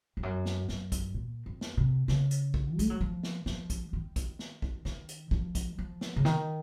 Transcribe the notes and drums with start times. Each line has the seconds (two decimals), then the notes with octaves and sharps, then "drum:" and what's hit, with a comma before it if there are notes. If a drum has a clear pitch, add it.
0.17 F2
0.23 F#2
0.46 drum: snare
0.69 F#2, drum: snare
0.92 drum: kick, hi-hat
1.14 A#2
1.46 F2
1.61 drum: snare
1.77 C3
2.08 C#3, drum: snare
2.31 drum: hi-hat
2.54 drum: kick
2.79 A3, drum: kick, hi-hat
2.90 F#3
3.01 F3
3.23 drum: snare
3.46 F3, drum: snare
3.70 drum: kick, hi-hat
3.93 D#3
4.16 drum: kick, hi-hat
4.39 drum: snare
4.62 drum: kick
4.85 D#3, drum: snare
5.09 drum: hi-hat
5.31 F3, drum: kick
5.55 drum: kick, hi-hat
5.78 F3
6.01 drum: snare
6.16 C#3
6.25 D#3, drum: snare